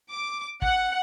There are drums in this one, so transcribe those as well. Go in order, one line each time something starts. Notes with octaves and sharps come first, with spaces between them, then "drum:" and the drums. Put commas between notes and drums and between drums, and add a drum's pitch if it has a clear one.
D6
F#5, drum: kick